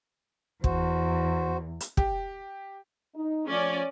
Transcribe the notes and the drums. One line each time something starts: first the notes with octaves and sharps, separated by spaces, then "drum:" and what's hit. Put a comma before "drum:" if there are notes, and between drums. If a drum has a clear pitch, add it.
E2 F#4 C5, drum: kick
drum: hi-hat
G4, drum: kick
D#4
F3 A3 C#4 F4 D5